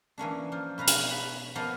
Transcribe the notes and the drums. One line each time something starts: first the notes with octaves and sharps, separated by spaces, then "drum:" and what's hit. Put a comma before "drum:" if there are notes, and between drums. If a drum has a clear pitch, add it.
E3 A#3 C#4 D4
F3
B2 B4 F5 A#5
drum: hi-hat
B4
F3 A#3 B3 D#5 F5